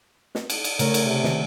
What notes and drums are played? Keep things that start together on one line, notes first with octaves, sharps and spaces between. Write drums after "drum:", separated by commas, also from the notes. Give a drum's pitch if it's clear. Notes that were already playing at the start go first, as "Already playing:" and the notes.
drum: snare
drum: cymbal
drum: cymbal
C#3 A3 A#4 C#5, drum: cymbal
drum: cymbal
C3
D#3, drum: snare